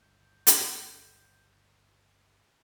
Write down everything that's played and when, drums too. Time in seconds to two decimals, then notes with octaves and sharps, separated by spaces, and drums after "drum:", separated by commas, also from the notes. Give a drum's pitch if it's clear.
0.01 G1 C#2 G6
0.47 drum: hi-hat